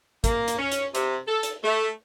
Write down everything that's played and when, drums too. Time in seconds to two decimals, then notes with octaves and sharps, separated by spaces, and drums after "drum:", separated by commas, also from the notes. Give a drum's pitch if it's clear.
0.24 A#3, drum: kick, hi-hat
0.48 drum: hi-hat
0.59 C#4
0.72 drum: hi-hat
0.95 C3, drum: hi-hat
1.28 A4
1.43 drum: hi-hat
1.64 A3